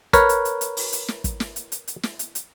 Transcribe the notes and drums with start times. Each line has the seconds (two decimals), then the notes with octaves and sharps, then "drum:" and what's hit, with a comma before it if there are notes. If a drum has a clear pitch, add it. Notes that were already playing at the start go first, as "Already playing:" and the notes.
0.13 A#4 B4 C#5, drum: kick, hi-hat
0.29 drum: hi-hat
0.45 drum: hi-hat
0.61 drum: hi-hat
0.77 drum: open hi-hat
0.93 drum: hi-hat
1.08 drum: snare
1.24 drum: kick, hi-hat
1.40 drum: snare
1.56 drum: hi-hat
1.72 drum: hi-hat
1.88 drum: hi-hat
2.03 drum: snare
2.19 drum: hi-hat
2.35 drum: hi-hat